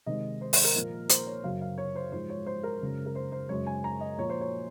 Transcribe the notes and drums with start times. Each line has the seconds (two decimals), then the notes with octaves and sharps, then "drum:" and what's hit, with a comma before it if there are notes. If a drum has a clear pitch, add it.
0.06 C3 D#3 G#3 D#5
0.41 C5
0.53 C5, drum: open hi-hat
0.64 A#4
0.75 A#2 F3 A#3
1.09 C5, drum: hi-hat
1.26 C#5
1.44 F#2 C#3 F#3 F5
1.61 F5
1.78 C#5
1.95 C5
2.12 G#2 F3 G#3 C5
2.30 C#5
2.46 C5
2.63 A#4
2.81 F#2 C#3 G#3
3.06 A#4
3.15 C5
3.32 C5
3.49 F#2 C#3 G#3 C#5
3.67 G#5
3.84 A#5
4.01 D#5
4.18 A#2 F3 A#3 C#5
4.30 C5
4.41 C#5